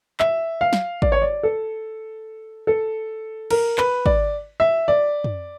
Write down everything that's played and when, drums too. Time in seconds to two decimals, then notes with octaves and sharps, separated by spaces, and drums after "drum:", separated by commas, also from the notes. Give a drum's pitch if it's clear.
0.20 E5, drum: clap
0.61 F5
0.73 drum: snare
1.02 D5, drum: kick
1.12 C#5
1.22 D5
1.43 A4
2.67 A4
3.51 A#4, drum: cymbal
3.78 B4, drum: clap
4.06 D5, drum: kick
4.60 E5
4.88 D5
5.24 drum: tom